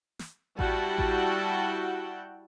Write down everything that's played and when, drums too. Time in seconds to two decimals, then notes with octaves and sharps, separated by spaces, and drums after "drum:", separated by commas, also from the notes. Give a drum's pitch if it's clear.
0.19 drum: snare
0.59 G3 E4 F#4 F#5 G5 A5, drum: kick A1
0.98 drum: kick A1